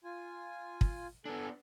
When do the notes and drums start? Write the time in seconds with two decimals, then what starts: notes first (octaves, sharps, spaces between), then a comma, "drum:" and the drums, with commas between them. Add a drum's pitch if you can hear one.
0.04 F4 G#5
0.81 drum: kick
1.26 B3 D4 A4 G#5